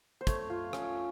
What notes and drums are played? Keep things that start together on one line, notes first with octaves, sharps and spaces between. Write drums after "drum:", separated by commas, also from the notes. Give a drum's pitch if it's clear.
C5
A3 C#5, drum: kick, hi-hat
F4
C#4, drum: rim click